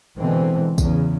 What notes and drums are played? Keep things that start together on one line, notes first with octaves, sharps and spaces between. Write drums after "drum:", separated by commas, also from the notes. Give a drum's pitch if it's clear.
B2 D3 E3 G#3 C4
E2 C#3, drum: kick, tambourine